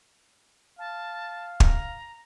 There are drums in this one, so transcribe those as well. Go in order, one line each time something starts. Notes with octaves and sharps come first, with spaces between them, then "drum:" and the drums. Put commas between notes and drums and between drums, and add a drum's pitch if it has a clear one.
F5 A5
A#5, drum: kick